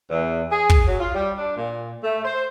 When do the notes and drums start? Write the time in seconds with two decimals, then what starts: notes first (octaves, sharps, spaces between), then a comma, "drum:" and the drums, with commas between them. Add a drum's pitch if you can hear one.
0.11 E2
0.52 G#4
0.70 drum: kick
0.87 F#3
1.00 F4
1.15 G3
1.38 D4
1.57 A#2
2.04 A3
2.25 C5